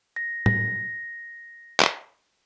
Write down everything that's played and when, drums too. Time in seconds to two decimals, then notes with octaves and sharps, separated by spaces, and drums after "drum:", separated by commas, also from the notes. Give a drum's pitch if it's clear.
0.16 A#6
0.46 A#6, drum: tom
1.80 drum: clap